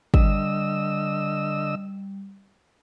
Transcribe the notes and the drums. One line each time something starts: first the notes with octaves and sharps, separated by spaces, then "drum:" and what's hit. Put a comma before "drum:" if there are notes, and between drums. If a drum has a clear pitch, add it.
D3 G3 D#5 E6, drum: kick